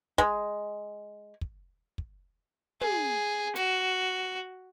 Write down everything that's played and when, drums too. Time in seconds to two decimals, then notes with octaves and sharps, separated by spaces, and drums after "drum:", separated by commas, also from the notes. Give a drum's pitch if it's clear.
0.18 G#3, drum: kick
1.41 drum: kick
1.98 drum: kick
2.81 G#4, drum: tom
3.56 F#4, drum: hi-hat